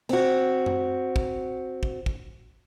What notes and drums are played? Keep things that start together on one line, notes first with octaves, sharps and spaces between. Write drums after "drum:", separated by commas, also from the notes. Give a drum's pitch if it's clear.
C4 F#4, drum: cymbal
drum: tom F#2
drum: kick
drum: kick
drum: kick